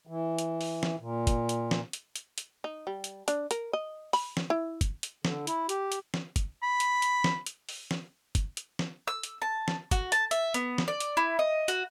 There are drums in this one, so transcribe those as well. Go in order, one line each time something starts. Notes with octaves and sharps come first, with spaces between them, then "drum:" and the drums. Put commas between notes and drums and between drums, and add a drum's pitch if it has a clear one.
E3
drum: hi-hat
drum: open hi-hat
drum: snare
A#2
drum: kick, hi-hat
drum: hi-hat
drum: snare
drum: hi-hat
drum: hi-hat
drum: hi-hat
D#4
G3
drum: hi-hat
D4, drum: hi-hat
A#4, drum: hi-hat
D#5
B5, drum: open hi-hat
drum: snare
E4
drum: kick, hi-hat
drum: hi-hat
D3, drum: snare
E4, drum: hi-hat
G4, drum: hi-hat
drum: hi-hat
drum: snare
drum: kick, hi-hat
B5
drum: hi-hat
drum: hi-hat
drum: snare
drum: hi-hat
drum: open hi-hat
drum: snare
drum: kick, hi-hat
drum: hi-hat
drum: snare
E6
drum: hi-hat
A5
drum: snare
F#4, drum: kick, hi-hat
A5, drum: hi-hat
E5, drum: hi-hat
B3, drum: hi-hat
drum: snare
D5
drum: hi-hat
E4
D#5
F#4, drum: hi-hat